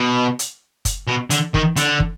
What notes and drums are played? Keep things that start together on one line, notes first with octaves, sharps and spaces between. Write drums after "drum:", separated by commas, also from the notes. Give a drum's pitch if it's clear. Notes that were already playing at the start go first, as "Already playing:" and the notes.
Already playing: B2
drum: hi-hat
drum: kick, hi-hat
B2
D3, drum: hi-hat
D#3, drum: kick
D3, drum: hi-hat
drum: kick